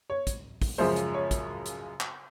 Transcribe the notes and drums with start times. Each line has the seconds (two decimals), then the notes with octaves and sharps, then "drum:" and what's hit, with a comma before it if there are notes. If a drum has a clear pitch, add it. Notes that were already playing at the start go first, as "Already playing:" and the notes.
0.10 C#5
0.27 drum: kick, hi-hat
0.62 drum: kick, open hi-hat
0.78 F#2 C#3 F3 G#3 C5
0.96 drum: hi-hat
1.14 C#5
1.31 drum: kick, hi-hat
1.66 drum: hi-hat
2.00 drum: clap